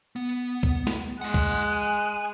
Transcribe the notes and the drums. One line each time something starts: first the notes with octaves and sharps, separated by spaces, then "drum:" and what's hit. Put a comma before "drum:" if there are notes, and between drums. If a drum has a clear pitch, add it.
B3
drum: kick
drum: snare
G#3 G#4 F#5 F#6
drum: kick
G#5